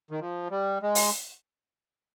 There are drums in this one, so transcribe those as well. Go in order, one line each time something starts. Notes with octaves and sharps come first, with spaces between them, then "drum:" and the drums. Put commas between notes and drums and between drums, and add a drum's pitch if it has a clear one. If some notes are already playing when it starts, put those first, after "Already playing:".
D#3
F3
G3
G#3
drum: open hi-hat